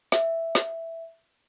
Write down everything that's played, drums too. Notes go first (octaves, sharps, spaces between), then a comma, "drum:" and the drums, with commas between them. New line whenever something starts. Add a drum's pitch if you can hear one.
E5, drum: snare
drum: snare